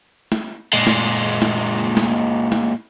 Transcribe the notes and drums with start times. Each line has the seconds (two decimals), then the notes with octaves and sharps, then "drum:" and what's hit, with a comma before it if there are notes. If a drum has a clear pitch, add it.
0.32 drum: snare
0.73 A#2 G#3
0.87 drum: snare
1.42 drum: snare
1.97 drum: snare
2.52 drum: snare